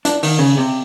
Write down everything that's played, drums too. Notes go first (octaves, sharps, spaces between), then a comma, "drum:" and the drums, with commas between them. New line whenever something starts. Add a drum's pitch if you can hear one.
D4, drum: hi-hat
D#3, drum: open hi-hat
C#3
C3